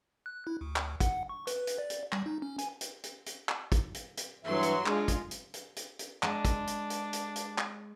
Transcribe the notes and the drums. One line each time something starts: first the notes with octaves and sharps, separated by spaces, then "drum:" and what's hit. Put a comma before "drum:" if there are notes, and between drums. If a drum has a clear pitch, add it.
F#6
E4
D2
drum: clap
F#5, drum: kick, hi-hat
C#6
B4, drum: hi-hat
drum: hi-hat
D5
drum: hi-hat
G3, drum: clap
D#4
C#4
G#5, drum: hi-hat
drum: hi-hat
drum: hi-hat
drum: hi-hat
drum: clap
drum: kick, hi-hat
drum: hi-hat
drum: hi-hat
G2 E3 F#3 E5 C6
drum: hi-hat
G#3 D4 F4, drum: clap
drum: kick, hi-hat
drum: hi-hat
drum: hi-hat
drum: hi-hat
drum: hi-hat
G#3 D4, drum: clap
drum: kick, hi-hat
drum: hi-hat
drum: hi-hat
drum: hi-hat
drum: hi-hat
drum: clap